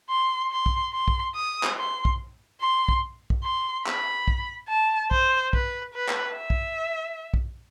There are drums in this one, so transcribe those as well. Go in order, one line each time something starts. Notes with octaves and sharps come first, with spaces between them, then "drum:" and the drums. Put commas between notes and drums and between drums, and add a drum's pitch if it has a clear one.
C6
C6
drum: kick
C6
drum: kick
D#6
drum: clap
C6
drum: kick
C6
drum: kick
drum: kick
C6
B5, drum: clap
drum: kick
A5
C5, drum: kick
B4, drum: kick
B4
drum: clap
E5
drum: kick
drum: kick